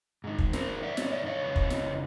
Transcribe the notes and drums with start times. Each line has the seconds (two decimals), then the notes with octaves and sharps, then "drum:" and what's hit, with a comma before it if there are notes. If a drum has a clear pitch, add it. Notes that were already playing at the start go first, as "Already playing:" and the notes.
0.24 G#2 D#3
0.38 drum: kick
0.53 A#4 C5, drum: snare
0.83 D5 E5
0.97 C#5 D#5, drum: snare
1.07 D#5
1.12 D5 E5
1.26 C#5 D#5
1.41 F2 C#3 E3
1.56 drum: kick
1.70 drum: snare